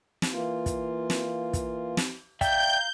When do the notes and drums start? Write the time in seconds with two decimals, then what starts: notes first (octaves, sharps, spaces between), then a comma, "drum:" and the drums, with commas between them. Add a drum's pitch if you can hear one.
0.22 drum: snare
0.32 E3 A#3 F4
0.66 drum: kick, hi-hat
1.10 drum: snare
1.53 drum: kick, hi-hat
1.97 drum: snare
2.41 D5 E5 F5 G5 A#5 G6, drum: kick, hi-hat